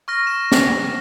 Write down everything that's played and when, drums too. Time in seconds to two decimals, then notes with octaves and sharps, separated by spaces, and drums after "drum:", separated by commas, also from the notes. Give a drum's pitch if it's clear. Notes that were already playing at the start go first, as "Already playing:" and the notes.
0.08 C#6 F6 A#6
0.27 E7
0.52 drum: snare